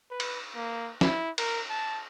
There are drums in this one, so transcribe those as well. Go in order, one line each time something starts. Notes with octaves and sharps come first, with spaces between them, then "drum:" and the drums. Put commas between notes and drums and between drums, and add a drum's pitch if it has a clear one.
B4
drum: cymbal
A#3
E4, drum: snare
A#4, drum: cymbal
A5